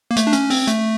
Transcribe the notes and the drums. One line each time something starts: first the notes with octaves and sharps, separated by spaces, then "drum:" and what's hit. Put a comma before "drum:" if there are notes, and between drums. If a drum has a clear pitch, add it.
A#3
A3, drum: hi-hat
D4
C#4, drum: hi-hat
C4, drum: open hi-hat
A3, drum: hi-hat